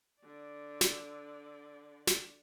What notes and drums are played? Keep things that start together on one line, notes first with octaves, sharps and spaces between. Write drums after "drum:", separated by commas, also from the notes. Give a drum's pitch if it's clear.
D3 D5
drum: snare
drum: snare